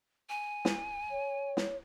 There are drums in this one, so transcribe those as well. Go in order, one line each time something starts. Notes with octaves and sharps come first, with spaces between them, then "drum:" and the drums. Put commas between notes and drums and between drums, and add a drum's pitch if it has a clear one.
G#5
drum: snare
C#5
drum: snare